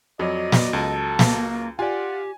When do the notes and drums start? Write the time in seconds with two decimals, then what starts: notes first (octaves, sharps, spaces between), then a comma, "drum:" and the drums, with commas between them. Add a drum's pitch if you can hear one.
0.19 F2 F#3 D5 D#5
0.52 drum: snare
0.73 C#2 A4
1.19 A#3, drum: snare
1.79 F4 G4 D5 F#5 G#5